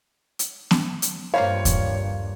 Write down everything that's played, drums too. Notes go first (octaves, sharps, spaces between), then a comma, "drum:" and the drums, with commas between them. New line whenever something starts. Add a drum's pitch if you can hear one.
drum: hi-hat
drum: snare B3
drum: hi-hat
G2 A#3 F4 C5 C#5 F5
drum: kick D#2, hi-hat